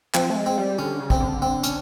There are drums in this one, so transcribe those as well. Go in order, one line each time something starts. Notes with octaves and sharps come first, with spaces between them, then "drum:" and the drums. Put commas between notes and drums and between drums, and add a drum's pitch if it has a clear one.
F3 C4, drum: clap
A3
G#3
C4
G3
D3 C#4
C#3
C4, drum: kick
D3
C4
C#4, drum: hi-hat